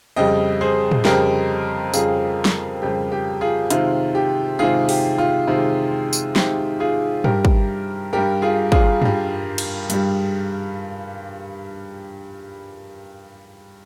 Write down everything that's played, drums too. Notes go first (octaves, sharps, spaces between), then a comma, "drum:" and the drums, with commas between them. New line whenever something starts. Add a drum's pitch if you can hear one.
F2 C#3 G3 D#5 G5
G#4 C5
drum: tom
F2 C#3 G3 G4 A#4, drum: snare
F2 C#3 G3 F4 G#4, drum: tambourine
drum: snare
F2 C#3 G3 G4
G4
F4 G#4
C3 D#3 G#3 F4, drum: hi-hat
G4
C3 D#3 G#3 F4 G#4
G4, drum: open hi-hat
F4
C3 D#3 G#3
drum: tambourine
C3 D#3 G#3 G4, drum: snare
F4 G#4
G2 G3 G4 A#4, drum: tom
drum: kick
G2 G3 G4 A#4
F4 G#4
F4 G#4, drum: kick
G2 G3, drum: tom
drum: cymbal
G2 G3, drum: hi-hat